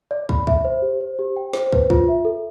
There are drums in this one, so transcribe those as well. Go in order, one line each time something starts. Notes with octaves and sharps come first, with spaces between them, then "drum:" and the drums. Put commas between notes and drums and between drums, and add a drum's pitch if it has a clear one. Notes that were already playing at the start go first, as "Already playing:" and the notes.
D5
B5, drum: kick
E5, drum: kick
C5
G4
C5
G4
G5
C5, drum: snare
B4, drum: kick
F4, drum: kick
E5
A4